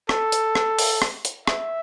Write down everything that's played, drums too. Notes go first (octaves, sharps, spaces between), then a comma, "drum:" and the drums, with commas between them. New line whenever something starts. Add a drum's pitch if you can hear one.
A4, drum: rim click
drum: hi-hat
drum: rim click
drum: open hi-hat
drum: rim click
drum: hi-hat
E5, drum: rim click